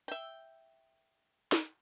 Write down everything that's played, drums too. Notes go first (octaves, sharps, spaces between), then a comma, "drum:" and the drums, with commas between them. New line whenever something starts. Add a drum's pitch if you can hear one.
E5 G5
drum: snare